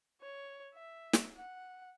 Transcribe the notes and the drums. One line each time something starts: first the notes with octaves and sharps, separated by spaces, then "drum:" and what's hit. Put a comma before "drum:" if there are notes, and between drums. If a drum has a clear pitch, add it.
C#5
E5
drum: snare
F#5